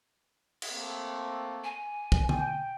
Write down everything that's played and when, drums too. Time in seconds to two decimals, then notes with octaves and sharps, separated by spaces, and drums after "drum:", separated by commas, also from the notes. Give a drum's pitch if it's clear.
0.62 drum: cymbal
0.71 A3 A#3 C4
1.64 G#5
2.12 drum: kick
2.29 G5, drum: tom D3